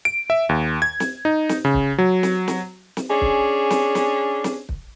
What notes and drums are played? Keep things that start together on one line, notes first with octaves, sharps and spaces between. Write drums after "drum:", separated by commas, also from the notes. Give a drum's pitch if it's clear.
D7
E5
D#2
G#6
drum: snare
D#4
drum: snare
C#3
drum: kick
F#3
drum: snare
drum: snare
drum: snare
C#4 D4 G#4
drum: kick
drum: snare
drum: snare
drum: snare
drum: kick